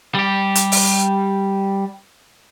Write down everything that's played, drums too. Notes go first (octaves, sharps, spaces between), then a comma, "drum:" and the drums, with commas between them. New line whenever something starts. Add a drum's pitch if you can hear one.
G3 G4
drum: hi-hat
drum: open hi-hat